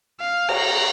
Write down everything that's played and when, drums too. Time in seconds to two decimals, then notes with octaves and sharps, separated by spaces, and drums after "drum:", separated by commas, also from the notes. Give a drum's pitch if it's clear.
0.20 F5
0.49 A#5, drum: cymbal